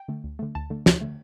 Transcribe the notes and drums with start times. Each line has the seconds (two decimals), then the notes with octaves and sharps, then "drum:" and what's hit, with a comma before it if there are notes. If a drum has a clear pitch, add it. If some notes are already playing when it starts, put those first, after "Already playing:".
Already playing: G5
0.08 D3 A3
0.24 D2
0.39 D3 A3
0.55 D2 A5
0.70 D3 A3
0.86 D2, drum: snare
1.01 D3 A3